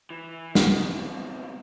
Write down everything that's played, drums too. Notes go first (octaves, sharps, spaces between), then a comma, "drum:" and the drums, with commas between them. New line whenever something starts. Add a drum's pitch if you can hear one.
E3
C#2 B2, drum: snare